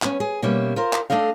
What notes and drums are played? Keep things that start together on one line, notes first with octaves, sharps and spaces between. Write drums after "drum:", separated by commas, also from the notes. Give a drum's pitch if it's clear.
B3 C#4, drum: clap
G#4
B2 G3 A#3 C#4 E5
F4 A#4 C5
drum: clap
A3 D4 A4 D#5 F5